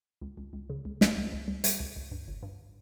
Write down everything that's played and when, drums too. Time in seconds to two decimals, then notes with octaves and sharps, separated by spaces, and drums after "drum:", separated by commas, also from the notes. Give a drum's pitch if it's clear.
0.21 C#2
0.37 C#2
0.53 C#2
0.70 C#3
0.85 C#2
1.01 C#2, drum: snare
1.16 C#2
1.32 C#2
1.48 G3
1.64 G3, drum: hi-hat
1.80 C#2
1.96 C#2
2.11 G2
2.28 G1
2.43 G2